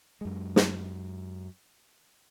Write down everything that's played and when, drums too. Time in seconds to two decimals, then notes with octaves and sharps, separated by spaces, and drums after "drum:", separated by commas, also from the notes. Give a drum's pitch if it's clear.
0.21 F#2 G#3
0.56 drum: snare